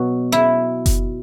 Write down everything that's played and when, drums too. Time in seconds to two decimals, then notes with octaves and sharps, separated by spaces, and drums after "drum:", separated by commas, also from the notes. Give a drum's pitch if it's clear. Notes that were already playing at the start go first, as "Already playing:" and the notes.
Already playing: B2 F#3 F#4
0.32 E4
0.86 drum: kick F#1, hi-hat